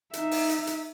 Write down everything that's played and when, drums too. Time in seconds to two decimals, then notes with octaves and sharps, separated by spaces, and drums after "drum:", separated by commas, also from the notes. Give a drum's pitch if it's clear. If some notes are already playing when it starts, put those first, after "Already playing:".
0.13 D#4 E5, drum: hi-hat
0.31 drum: open hi-hat
0.49 drum: hi-hat
0.67 drum: hi-hat